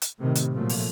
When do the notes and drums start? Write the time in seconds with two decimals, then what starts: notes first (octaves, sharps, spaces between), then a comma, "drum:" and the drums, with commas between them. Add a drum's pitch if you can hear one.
0.02 drum: hi-hat
0.19 A2 C3 D#3
0.36 drum: hi-hat
0.52 A#2 F3 F#3 A3
0.69 drum: open hi-hat